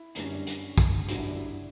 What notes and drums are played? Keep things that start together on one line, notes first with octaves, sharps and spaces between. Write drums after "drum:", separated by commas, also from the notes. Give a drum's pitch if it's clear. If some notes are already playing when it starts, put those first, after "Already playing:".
Already playing: E4
G1 F#2 D3 G3 D4, drum: hi-hat
C#4
D4
drum: hi-hat
drum: kick, hi-hat
G1 F#2 D3 G3 F#4, drum: hi-hat
E4
D4
E4